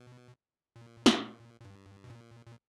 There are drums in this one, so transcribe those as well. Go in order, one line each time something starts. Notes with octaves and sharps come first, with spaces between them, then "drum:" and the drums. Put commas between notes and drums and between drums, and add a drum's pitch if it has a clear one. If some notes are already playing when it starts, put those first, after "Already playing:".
Already playing: B2
A#2
drum: snare
A#2
G2
B2
A#2
A#2